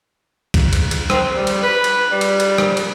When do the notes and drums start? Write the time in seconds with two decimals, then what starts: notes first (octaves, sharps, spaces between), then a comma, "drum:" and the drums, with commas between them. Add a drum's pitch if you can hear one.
0.54 drum: kick B1, cymbal
0.73 drum: cymbal
0.91 drum: cymbal
1.10 C4, drum: rim click
1.35 G3
1.47 drum: cymbal
1.63 B4
1.84 drum: cymbal
2.11 G3
2.21 drum: cymbal
2.40 drum: cymbal
2.58 drum: rim click
2.77 drum: cymbal